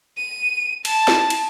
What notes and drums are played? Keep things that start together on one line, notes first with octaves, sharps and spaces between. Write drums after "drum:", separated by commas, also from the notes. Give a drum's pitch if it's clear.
D#7
A5, drum: cymbal
drum: snare
drum: cymbal